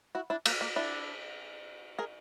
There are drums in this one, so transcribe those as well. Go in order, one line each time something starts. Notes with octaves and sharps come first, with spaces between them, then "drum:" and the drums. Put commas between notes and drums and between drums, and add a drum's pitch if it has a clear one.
E4 F#4
D4 E4
A#3, drum: cymbal
A#3
D4 E4
G#4 A#4